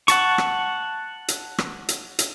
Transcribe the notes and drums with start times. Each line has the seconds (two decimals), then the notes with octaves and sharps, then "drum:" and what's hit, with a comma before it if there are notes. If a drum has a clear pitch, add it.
0.08 F#5 A5 C#6, drum: hi-hat
0.38 drum: rim click
1.28 drum: hi-hat
1.58 drum: rim click
1.89 drum: hi-hat
2.19 drum: hi-hat